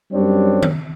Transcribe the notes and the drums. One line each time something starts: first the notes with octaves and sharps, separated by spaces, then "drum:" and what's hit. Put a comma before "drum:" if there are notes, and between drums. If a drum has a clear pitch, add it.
F#2 G3 C4 D4 C#5
drum: tom D#3